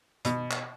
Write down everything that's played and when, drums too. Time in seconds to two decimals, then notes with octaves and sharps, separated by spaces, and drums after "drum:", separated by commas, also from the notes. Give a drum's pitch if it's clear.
0.25 B2, drum: hi-hat
0.51 drum: clap